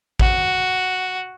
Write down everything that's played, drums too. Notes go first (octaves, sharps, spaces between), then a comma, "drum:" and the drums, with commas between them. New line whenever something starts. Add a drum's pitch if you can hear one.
F#4, drum: kick A1